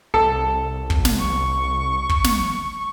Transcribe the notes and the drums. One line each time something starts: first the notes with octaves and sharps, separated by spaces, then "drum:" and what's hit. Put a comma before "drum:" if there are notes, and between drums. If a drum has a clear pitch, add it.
C2 A4
drum: kick
drum: snare
C#6
drum: kick
drum: snare